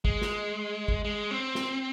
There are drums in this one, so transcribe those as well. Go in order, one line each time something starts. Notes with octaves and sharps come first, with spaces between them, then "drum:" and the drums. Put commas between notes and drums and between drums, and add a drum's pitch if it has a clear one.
G#3, drum: kick G#1
drum: snare
drum: kick G#1
G#3
C4
drum: snare